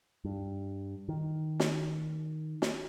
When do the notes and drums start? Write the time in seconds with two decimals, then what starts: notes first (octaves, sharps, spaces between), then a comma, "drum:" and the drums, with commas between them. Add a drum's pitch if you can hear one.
0.24 G2
1.09 D#3
1.60 drum: snare
2.62 drum: snare